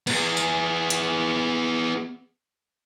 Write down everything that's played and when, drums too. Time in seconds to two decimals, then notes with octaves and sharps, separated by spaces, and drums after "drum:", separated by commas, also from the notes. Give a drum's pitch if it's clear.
0.07 B3 G#4, drum: cymbal
0.37 drum: tambourine
0.90 drum: hi-hat